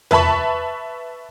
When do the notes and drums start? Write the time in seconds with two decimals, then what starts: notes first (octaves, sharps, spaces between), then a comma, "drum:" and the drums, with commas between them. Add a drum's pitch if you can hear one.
0.11 B4 E5 A5 B5 C#6, drum: tom E2